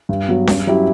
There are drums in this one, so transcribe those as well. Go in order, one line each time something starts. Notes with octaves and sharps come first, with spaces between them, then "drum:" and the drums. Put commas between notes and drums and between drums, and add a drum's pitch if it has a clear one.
G2
F#3 B3 F#4
G2, drum: snare C#4
F#3 C#4 E4 G4